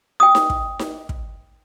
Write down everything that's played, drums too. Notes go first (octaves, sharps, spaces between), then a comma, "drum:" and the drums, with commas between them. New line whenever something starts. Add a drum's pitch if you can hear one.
G5 D#6
drum: snare D#4
drum: kick
drum: snare D#4
drum: kick